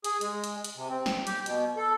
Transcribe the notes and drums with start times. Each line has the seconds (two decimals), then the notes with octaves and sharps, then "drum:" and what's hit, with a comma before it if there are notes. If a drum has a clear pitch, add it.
0.04 G#4, drum: hi-hat
0.21 G#3, drum: hi-hat
0.44 drum: hi-hat
0.64 drum: hi-hat
0.76 C3
0.90 C4
1.06 drum: snare
1.27 G4, drum: hi-hat
1.46 B2, drum: hi-hat
1.77 A4